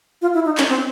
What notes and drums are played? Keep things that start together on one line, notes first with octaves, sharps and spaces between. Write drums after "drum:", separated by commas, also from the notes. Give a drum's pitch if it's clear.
F4
E4
D#4
C#4, drum: clap
C4